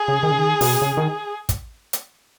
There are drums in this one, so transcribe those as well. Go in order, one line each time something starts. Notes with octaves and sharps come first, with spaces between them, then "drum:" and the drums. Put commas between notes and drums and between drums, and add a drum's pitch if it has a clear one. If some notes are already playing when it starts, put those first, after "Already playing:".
Already playing: G#4
C#3
D#3
C#3
D#3
B2, drum: open hi-hat
C#3
D#3
drum: kick, hi-hat
drum: hi-hat